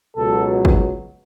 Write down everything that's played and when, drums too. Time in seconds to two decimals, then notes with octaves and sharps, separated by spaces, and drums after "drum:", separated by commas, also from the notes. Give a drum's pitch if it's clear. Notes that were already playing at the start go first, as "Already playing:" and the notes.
0.17 C#2 B2 F#3 A4
0.65 drum: kick